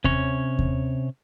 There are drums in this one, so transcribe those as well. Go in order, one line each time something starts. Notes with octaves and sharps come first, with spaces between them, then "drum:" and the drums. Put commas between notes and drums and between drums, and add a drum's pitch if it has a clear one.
C3 C#4 C#5, drum: kick D#2
drum: kick D#2